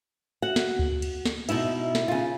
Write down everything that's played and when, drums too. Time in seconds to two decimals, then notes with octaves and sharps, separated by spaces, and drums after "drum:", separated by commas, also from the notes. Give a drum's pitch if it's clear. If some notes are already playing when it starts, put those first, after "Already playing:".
0.42 F#4 F#5
0.56 drum: snare
0.79 drum: kick D2
1.02 drum: cymbal
1.25 drum: snare
1.49 B2 D#4 E4 E5, drum: cymbal
1.95 drum: snare
2.08 C#3 F4